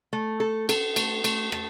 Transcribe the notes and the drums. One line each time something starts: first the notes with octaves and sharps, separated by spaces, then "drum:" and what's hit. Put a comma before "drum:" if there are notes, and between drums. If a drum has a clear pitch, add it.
A3
A4
A4, drum: cymbal
A3, drum: cymbal
A3, drum: cymbal
A3, drum: rim click